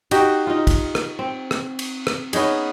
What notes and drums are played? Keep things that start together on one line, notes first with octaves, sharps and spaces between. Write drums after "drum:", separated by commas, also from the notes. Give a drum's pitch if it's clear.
D#4 F#4 G4, drum: cymbal
D#4 F4
drum: kick, cymbal
drum: rim click
C4
drum: rim click
drum: cymbal
drum: rim click
B3 C#4 D#4 G#4, drum: cymbal